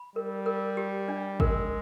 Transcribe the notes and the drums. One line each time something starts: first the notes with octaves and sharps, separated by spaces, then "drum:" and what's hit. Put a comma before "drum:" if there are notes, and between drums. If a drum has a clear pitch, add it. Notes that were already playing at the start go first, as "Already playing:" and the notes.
Already playing: B5
G3 A#4
A#4
G4
D4
G#3 A#4, drum: kick G#1